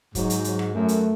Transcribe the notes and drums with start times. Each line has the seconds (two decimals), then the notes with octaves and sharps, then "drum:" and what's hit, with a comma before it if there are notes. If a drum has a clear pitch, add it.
0.15 G#2 F#3, drum: kick, hi-hat
0.30 drum: hi-hat
0.44 F#3, drum: hi-hat
0.59 drum: rim click
0.74 F#2 A3
0.88 drum: hi-hat